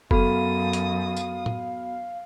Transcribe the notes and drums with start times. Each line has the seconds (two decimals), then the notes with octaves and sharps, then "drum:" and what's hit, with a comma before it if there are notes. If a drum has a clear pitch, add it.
0.11 F#2 B3 F#4 A4 F5 B5 D#6, drum: kick F#1
0.73 drum: hi-hat
1.17 drum: tambourine
1.46 drum: tom